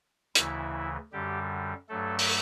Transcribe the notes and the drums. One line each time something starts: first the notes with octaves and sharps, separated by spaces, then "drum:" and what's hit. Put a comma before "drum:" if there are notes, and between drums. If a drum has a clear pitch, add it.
D2 C#3 E3 E4, drum: hi-hat
F#2 D3 G3 G4
G2 F#3 A3 A4
drum: open hi-hat